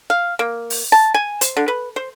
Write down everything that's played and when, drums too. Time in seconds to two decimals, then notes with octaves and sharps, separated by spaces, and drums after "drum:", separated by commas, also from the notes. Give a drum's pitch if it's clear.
0.10 F5
0.39 A#3
0.70 drum: open hi-hat
0.92 A5
1.14 G#5
1.41 C5, drum: hi-hat
1.57 D3
1.68 B4
1.96 C5